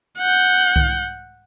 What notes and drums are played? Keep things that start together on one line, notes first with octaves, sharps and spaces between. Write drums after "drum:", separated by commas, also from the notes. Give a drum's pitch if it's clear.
F#5 G6
drum: kick C2